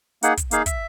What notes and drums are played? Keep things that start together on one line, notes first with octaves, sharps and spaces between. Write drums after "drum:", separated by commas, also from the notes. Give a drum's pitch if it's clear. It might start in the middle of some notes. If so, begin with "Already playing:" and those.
A#3 D#4 G#4 F#5, drum: hi-hat
drum: kick, hi-hat
A#3 D#4 G#4 F5, drum: hi-hat
E5, drum: kick, hi-hat